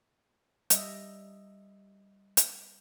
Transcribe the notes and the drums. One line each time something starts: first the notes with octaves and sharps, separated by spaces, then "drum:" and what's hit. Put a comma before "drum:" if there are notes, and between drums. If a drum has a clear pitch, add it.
G3 D#5 E5, drum: hi-hat
drum: hi-hat